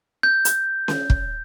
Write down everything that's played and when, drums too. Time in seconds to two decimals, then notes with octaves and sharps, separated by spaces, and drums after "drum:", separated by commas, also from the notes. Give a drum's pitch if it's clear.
0.23 G6
0.45 drum: hi-hat
0.88 drum: snare C#4
1.10 drum: kick